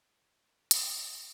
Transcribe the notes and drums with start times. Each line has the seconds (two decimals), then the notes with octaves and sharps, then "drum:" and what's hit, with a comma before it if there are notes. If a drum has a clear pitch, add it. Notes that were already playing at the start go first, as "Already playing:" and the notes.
0.11 F#5
0.31 D5
0.44 A#4
0.57 C5
0.71 B4, drum: hi-hat
0.84 C5
0.96 C5
1.15 D4